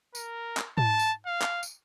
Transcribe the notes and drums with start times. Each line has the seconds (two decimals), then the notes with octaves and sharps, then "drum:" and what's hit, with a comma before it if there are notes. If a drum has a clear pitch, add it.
0.15 A#4, drum: tambourine
0.57 drum: clap
0.78 A5, drum: tom G#2
0.99 drum: tambourine
1.26 F5
1.42 drum: clap
1.63 drum: tambourine